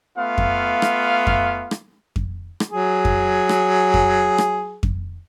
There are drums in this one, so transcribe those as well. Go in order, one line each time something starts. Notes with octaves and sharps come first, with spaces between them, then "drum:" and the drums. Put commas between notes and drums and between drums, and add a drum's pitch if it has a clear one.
A3 B3 F4 F5
drum: kick F2
drum: rim click
drum: kick F2
drum: rim click
drum: kick F2
drum: rim click
F#3 G#4
drum: kick F2
drum: rim click
drum: kick F2
drum: rim click
drum: kick F2